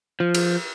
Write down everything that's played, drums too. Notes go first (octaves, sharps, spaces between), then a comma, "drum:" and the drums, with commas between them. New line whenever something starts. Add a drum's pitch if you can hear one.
F3
drum: cymbal